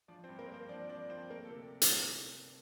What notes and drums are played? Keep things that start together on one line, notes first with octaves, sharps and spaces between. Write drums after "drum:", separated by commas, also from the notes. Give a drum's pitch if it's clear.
F3 D4 D5
C4 C5
G2
A#3 A#4
A#3
C4 C5
F3 D4 D5
F3 D4 D5
F3 C4 C5
A3 A#3 A#4
A4
C3
drum: hi-hat